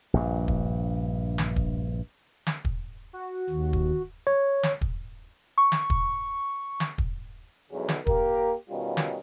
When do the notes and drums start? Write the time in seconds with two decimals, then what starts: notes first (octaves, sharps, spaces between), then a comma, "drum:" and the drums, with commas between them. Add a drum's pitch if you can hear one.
0.14 A#1 G2
0.48 drum: kick
1.38 drum: snare
1.56 drum: kick
2.47 drum: snare
2.65 drum: kick
3.13 F#4
3.50 D#2
3.73 drum: kick
4.27 C#5
4.63 drum: snare
4.81 drum: kick
5.58 C#6
5.72 drum: snare
5.90 drum: kick
6.80 drum: snare
6.98 drum: kick
7.71 B1 E2 D3 F#3 G#4
7.89 drum: snare
8.07 A#3 G4 A#4, drum: kick
8.70 B2 D#3 G3 C#4 F4
8.97 drum: snare